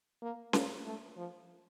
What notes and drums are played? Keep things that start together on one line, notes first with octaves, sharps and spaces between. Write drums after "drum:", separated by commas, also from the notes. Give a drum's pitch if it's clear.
A#3
A#3, drum: snare C#4
A3
F3